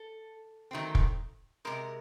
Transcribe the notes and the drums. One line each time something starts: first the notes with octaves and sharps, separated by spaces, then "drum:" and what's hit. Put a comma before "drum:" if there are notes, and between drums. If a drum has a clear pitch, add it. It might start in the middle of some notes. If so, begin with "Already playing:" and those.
Already playing: A4
D#3 F#3 A3 C4
drum: kick
C3 D#3 G#3 A#4